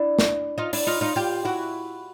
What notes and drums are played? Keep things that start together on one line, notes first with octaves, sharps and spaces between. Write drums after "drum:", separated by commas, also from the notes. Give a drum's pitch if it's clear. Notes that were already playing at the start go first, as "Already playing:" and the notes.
Already playing: D4 E4
drum: snare
D#4 F4
D4 E4, drum: open hi-hat
D#4 F4
D#4 F4
F4 G4
E4 F#4